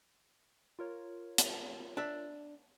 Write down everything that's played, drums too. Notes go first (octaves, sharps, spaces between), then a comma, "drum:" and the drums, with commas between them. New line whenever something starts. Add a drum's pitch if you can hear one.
F4 A#4 C#5
drum: hi-hat
D4 E5